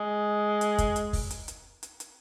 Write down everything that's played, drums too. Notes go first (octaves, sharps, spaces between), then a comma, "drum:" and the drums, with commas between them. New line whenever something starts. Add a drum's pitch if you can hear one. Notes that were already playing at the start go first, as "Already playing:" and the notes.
Already playing: G#3
drum: hi-hat
drum: kick, hi-hat
drum: hi-hat
drum: kick, open hi-hat
drum: hi-hat
drum: hi-hat
drum: hi-hat
drum: hi-hat